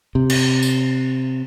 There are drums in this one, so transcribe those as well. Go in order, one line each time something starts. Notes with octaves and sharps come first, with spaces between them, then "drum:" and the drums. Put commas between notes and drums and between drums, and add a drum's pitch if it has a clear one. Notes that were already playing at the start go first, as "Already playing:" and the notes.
C3
drum: cymbal
drum: tambourine